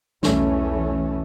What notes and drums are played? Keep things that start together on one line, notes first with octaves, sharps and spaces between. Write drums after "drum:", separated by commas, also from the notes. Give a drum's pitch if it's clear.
B1 E2 E3 A3 C#4, drum: snare